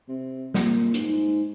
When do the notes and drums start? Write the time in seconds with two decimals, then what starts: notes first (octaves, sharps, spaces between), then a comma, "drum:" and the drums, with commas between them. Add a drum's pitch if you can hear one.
0.08 C3
0.54 A#2, drum: snare
0.94 G2, drum: hi-hat
1.00 G#2